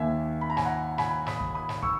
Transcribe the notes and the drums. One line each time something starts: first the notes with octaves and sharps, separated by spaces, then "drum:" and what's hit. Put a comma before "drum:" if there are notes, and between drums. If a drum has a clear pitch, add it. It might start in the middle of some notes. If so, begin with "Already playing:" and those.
Already playing: D#2 D#3 A#3 E5 G#5
B5
A#5
G#5, drum: snare
F#5 A#5
G#5 B5, drum: snare
B5 D#6, drum: snare
drum: kick
B5 D#6
drum: snare
C#6 E6, drum: kick